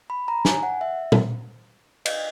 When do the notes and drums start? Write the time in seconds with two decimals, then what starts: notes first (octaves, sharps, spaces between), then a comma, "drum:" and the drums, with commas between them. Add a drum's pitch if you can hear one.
0.10 B5
0.28 A#5
0.45 G#5, drum: snare
0.63 F#5
0.81 E5
1.12 drum: tom
2.05 D#5, drum: cymbal